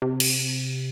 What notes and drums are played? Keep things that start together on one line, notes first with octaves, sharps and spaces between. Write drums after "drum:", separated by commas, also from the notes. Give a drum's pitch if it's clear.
C3
drum: cymbal